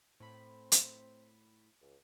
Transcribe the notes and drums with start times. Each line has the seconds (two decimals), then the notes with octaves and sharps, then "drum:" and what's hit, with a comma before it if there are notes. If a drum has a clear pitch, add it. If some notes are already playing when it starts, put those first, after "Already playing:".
0.20 A2 C4 B5
0.72 drum: hi-hat
1.82 C#2